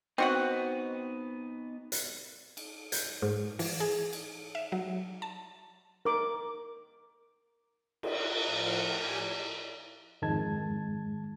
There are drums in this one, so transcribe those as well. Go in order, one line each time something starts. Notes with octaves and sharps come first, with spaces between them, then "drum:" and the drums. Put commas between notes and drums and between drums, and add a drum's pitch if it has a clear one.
B3 C4 D#4 F#4 F#5
drum: hi-hat
drum: cymbal
G6, drum: hi-hat
G#2
E3, drum: open hi-hat
G#4
drum: cymbal
E5
F#3
A5
A#4 D6
drum: cymbal
A2 F3 F#5 F6
G4 G#5 D#7
F2 G#2 D#3 G#3 A5 G#6